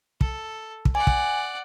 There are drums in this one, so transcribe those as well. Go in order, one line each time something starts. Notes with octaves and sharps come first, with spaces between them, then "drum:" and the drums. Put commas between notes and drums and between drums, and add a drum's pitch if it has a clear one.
A4, drum: kick
drum: kick
D5 F#5 G#5
drum: kick